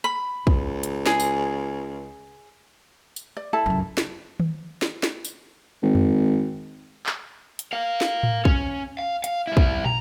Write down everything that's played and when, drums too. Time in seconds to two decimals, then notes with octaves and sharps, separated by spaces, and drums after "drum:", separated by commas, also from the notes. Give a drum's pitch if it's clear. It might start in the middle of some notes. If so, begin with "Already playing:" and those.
0.04 B5
0.47 C#2, drum: kick
0.83 drum: hi-hat
1.06 G#4, drum: snare
1.20 drum: tambourine
3.16 drum: tambourine
3.37 D5
3.53 E4 A4 A5
3.66 C#2 F#2
3.97 drum: snare
4.40 drum: tom D#3
4.82 drum: snare
5.03 drum: snare
5.25 drum: tambourine
5.83 G#1
5.95 drum: tom F2
7.06 drum: clap
7.59 drum: hi-hat
7.73 A#4 F5
8.01 drum: snare
8.23 drum: tom A2
8.45 C#4, drum: kick
8.99 F5
9.24 F5, drum: hi-hat
9.47 G3 E4
9.57 drum: kick
9.86 A#5, drum: tom